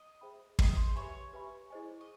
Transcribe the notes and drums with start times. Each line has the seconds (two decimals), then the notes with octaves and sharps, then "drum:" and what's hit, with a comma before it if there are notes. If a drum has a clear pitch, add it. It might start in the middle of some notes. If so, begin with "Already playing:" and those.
Already playing: D#5
0.21 G#4 C5 E5 G5 B5
0.59 G#4 C5 D#5 E5 G5 B5, drum: kick
0.77 C5
0.95 G4 B4 C#5 E5 G#5 B5
1.33 G4 B4 E5 G#5 B5
1.70 E4 G#4 C5 D#5 G#5
2.01 D#5